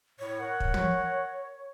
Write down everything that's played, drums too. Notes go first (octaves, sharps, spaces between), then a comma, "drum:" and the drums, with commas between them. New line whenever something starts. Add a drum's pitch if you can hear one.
A2 C#5
A#4 F#5
drum: kick
drum: tom